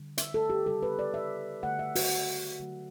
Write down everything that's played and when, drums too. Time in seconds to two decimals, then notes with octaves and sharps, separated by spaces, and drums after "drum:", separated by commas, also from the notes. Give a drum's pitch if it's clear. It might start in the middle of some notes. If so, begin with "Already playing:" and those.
Already playing: D3 G3
0.18 E5, drum: hi-hat
0.34 A4
0.50 G4
0.66 C#3 G3 A4
0.82 B4
0.99 D5
1.14 E5
1.63 D3 A3 F#5
1.79 E5
1.95 F#4, drum: open hi-hat
2.60 D3 F#3 A3